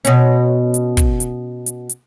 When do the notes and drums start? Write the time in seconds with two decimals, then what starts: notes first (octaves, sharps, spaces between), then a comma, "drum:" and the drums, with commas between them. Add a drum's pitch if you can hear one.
0.05 B2 C#4, drum: hi-hat
0.74 drum: hi-hat
0.97 drum: kick, hi-hat
1.20 drum: hi-hat
1.66 drum: hi-hat
1.89 drum: hi-hat